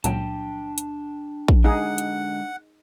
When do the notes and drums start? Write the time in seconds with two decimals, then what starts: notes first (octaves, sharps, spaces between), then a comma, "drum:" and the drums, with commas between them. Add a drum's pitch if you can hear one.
0.04 C#2 A#2 F#3 D4 G5 A5, drum: hi-hat
0.78 drum: hi-hat
1.48 drum: kick A#1
1.64 D3 G#3 D4 D#4 G#4 F#5
1.98 drum: hi-hat